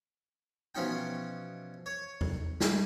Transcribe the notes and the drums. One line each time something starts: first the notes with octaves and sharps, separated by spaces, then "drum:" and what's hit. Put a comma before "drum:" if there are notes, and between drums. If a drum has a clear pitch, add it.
B2 E3 F3 C#4 D#4 G5
C#5
drum: tom E2
G3 E4 G5 A#5, drum: snare